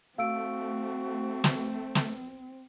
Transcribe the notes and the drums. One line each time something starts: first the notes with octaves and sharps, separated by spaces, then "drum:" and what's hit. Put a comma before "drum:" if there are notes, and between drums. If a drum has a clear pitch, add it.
A3 C4 F#4 F5 E6 D7
drum: snare
drum: snare